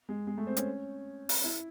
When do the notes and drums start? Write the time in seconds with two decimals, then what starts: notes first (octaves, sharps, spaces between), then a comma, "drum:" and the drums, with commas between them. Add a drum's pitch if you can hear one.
0.09 G#3
0.27 G#3
0.38 A3
0.47 C4
0.57 C#4, drum: hi-hat
1.29 drum: open hi-hat
1.44 E4